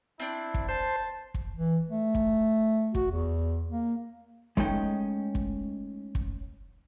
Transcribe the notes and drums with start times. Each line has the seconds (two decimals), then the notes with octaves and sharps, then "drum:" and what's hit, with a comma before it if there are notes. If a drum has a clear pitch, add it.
0.20 C4 D4 E4
0.54 drum: kick
0.69 C5 A5
1.34 drum: kick
1.56 E3
1.89 A3
2.14 drum: kick
2.95 F#4, drum: kick
3.12 E2
3.70 A#3
4.57 G#3 A3 C#4 D#4 G5, drum: kick
5.35 drum: kick
6.15 drum: kick